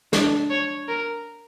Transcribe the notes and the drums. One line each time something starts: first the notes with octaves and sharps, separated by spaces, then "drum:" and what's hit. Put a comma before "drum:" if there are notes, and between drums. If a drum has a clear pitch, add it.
D4, drum: snare
C#5
A#4